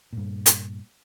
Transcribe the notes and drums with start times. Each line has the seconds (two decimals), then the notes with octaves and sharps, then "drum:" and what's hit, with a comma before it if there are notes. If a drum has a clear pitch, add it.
0.13 G2 A#2
0.46 drum: hi-hat